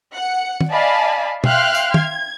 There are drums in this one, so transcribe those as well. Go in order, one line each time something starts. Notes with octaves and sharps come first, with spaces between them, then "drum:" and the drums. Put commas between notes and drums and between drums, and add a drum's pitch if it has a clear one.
F#5 C#7
drum: tom
D5 D#5 F5 G#5 A5 B5
E5 F5 G5 C6 F6 F#6, drum: tom
drum: tambourine
G#6, drum: tom